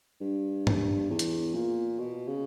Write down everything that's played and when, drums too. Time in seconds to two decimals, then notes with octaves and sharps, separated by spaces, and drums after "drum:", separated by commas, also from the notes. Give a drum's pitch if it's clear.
0.20 G2
0.67 drum: tom G2
1.10 E2
1.19 drum: hi-hat
1.54 A#2
1.99 B2
2.28 C#3